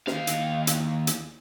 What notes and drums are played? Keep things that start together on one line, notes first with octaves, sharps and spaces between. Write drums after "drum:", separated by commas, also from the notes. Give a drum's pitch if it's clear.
D#2 F5, drum: snare
drum: hi-hat
drum: hi-hat
drum: hi-hat